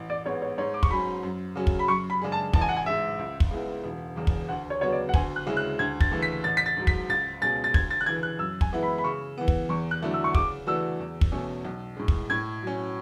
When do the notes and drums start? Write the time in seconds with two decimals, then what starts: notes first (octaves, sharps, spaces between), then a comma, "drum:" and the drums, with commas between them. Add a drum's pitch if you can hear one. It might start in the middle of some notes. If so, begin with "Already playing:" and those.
Already playing: A1
0.10 D5
0.25 G#2 G#3 B3 C#5
0.42 C#5
0.58 G#2 C#5
0.74 D6
0.83 C#6, drum: kick
0.91 F#3 C#4 B5
1.23 F#2
1.56 C#3 F#3 C#4
1.67 drum: kick
1.79 B5
1.88 F#2 C#6
2.10 B5
2.22 C#3 G#3 D4 G#4
2.32 A5
2.53 A1 A5, drum: kick
2.61 G#5
2.69 F#5
2.76 G#5
2.86 G#2 G#3 E5
3.19 C#2
3.40 drum: kick
3.51 C#3 G#3 B3 E4
3.84 E1
4.16 E2 C#3
4.27 drum: kick
4.49 D2 F#5
4.70 C#5
4.81 C#3 F#3 B3 C#5
4.92 D5
5.09 F#5
5.14 D2 G#5, drum: kick
5.36 F#6
5.46 C#3 G#3 C#4 E4
5.57 F#6
5.79 D2 G#6
6.00 A6, drum: kick
6.11 C#3 E3 A3
6.22 B6
6.44 A1 A6
6.57 B6
6.66 A6
6.77 G#2 F#3
6.87 B6, drum: kick
7.09 C#2 A6
7.41 B2 G#3 C#4 G#4 A6
7.64 A6
7.74 D2 G#6, drum: kick
7.90 A6
8.01 F#6
8.06 C#3 E3 G#6
8.23 F#6
8.39 F#2 E6
8.61 G#5, drum: kick
8.72 E3 G#3 B3 E4
8.83 B5
8.98 B5
9.04 C#3 C#6
9.38 E3 B3
9.48 drum: kick
9.69 E2 C#6
9.91 F#6
10.02 D3 F#3 A3 E4
10.13 E6
10.24 C#6
10.35 C#3 D6, drum: kick
10.67 E3 A3 D4 F#4 E6
10.99 E2
11.21 drum: kick
11.32 B2 A3 C#4
11.65 B1
11.97 A2 G#3
12.08 drum: kick
12.30 A2 G#6
12.62 F#3 C#4